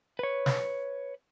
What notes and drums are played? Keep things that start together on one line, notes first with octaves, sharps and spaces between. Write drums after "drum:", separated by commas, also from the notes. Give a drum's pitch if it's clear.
B4 C#5
drum: snare